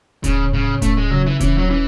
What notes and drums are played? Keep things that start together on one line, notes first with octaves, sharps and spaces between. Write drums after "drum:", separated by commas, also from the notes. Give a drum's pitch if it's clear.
A2 C#3, drum: kick D#1, hi-hat
A2 C#3
A3 C#4, drum: kick D#1, hi-hat
G#3
C#3 F#3
E3
E3 C#4, drum: kick D#1, hi-hat
F#3
E3 C#4